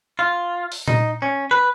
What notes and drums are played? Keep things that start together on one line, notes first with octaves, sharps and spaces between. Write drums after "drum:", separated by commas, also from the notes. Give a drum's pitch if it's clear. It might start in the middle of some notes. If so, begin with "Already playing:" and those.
F4
drum: open hi-hat
D#4, drum: tom A#2
C#4
B4